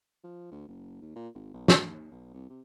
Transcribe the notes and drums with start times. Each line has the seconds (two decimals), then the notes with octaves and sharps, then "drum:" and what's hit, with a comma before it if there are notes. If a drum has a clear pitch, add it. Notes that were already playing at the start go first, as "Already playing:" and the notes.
0.24 F3
0.51 D2
0.68 F#1
1.02 D#2
1.16 A#2
1.35 G#1
1.54 B1
1.68 D2, drum: snare
1.89 D#2
2.12 B1
2.34 C2
2.49 C3